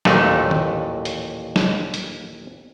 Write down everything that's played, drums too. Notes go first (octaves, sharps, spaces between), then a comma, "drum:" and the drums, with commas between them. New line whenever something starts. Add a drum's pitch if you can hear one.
A1 D#2 A#2 F#3 A3 D#4, drum: snare
drum: tom
drum: hi-hat
drum: snare
drum: hi-hat